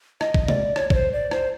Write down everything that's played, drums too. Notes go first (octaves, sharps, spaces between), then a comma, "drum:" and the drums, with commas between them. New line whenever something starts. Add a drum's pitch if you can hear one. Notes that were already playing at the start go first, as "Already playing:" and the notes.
D#5, drum: rim click
drum: kick A#1
D5, drum: tom C3
C#5, drum: rim click
C#5, drum: kick A#1
C5
D5
C5, drum: rim click